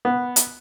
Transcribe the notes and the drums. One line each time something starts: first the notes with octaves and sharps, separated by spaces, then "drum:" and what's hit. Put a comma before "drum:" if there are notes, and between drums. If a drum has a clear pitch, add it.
B3
drum: hi-hat